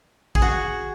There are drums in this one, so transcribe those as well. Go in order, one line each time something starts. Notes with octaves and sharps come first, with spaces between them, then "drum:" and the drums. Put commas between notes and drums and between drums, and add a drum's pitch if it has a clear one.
G#4, drum: kick
F#4